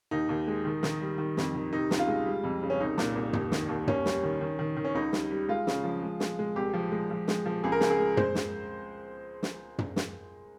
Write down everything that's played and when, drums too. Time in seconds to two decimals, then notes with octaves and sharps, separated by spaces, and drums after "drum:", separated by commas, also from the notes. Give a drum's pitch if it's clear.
0.11 D#2 D#4
0.29 D#2
0.48 G#3
0.65 D#3
0.83 D#3, drum: snare
1.01 G3
1.18 D#3
1.37 F2, drum: snare
1.55 D#3
1.72 C3 D#4
1.91 C#2, drum: snare
1.99 F4
2.08 G#3
2.26 G3
2.44 F2
2.63 C#3
2.70 C#4
2.80 C2 D#4
2.98 A#2, drum: snare
3.16 C2
3.33 D#2, drum: tom
3.52 D#3, drum: snare
3.69 D#2
3.87 D#2 C#4, drum: tom
4.05 G3, drum: snare
4.23 D#3
4.41 D#3
4.59 D#3
4.77 D#3
4.84 C#4
4.94 C#2 D#4
5.13 G3, drum: snare
5.31 G3
5.48 G#3 F4
5.67 C#3, drum: snare
5.84 F3
6.02 G#3
6.20 G#3, drum: snare
6.39 G#3
6.56 C2 G4
6.74 F3
6.92 G#3
7.10 F3
7.27 G#3, drum: snare
7.46 F3
7.64 C#2 G#4
7.72 A#4
7.80 C#2 G#4, drum: snare
7.91 G#4
7.99 G#3
8.17 G#3 C5, drum: tom
8.35 drum: snare
9.43 drum: snare
9.78 drum: tom
9.96 drum: snare